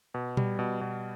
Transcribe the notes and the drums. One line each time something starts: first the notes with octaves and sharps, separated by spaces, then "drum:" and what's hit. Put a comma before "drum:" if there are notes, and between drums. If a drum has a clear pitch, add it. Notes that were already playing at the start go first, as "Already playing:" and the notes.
B2
G3, drum: tom A#2
B2
B2